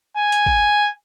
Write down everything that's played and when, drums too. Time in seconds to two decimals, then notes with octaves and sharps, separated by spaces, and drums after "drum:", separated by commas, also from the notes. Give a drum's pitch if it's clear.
0.17 G#5
0.32 drum: hi-hat
0.46 drum: kick G#1